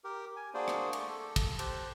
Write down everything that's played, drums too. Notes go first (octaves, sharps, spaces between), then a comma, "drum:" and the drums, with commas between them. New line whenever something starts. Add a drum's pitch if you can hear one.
G4 A#4
G#5
A#3 D4 F#4 G#4 C5 D5
drum: rim click
A3, drum: cymbal
A4
drum: kick, cymbal
G4 C5 A5 F#6, drum: cymbal